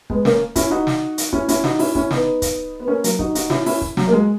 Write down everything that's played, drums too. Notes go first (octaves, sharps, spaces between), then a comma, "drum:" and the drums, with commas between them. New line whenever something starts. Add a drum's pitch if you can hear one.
G#3 B3, drum: kick
A#3 C#4, drum: snare
C#4 E4, drum: kick, hi-hat
D#4 F#4
drum: snare
drum: hi-hat
C#4 E4, drum: kick
C#4 E4, drum: hi-hat
D#4 F#4, drum: snare
C#4 E4, drum: open hi-hat
C#4 E4, drum: kick
B3 D#4, drum: snare
drum: kick, hi-hat
B3
A#3 C#4
F#3 A#3, drum: hi-hat
D#4 F#4, drum: kick
D#4 F#4, drum: hi-hat
C#4 E4, drum: snare
C#4 E4, drum: open hi-hat
drum: kick
F#3, drum: snare
A#3
G#3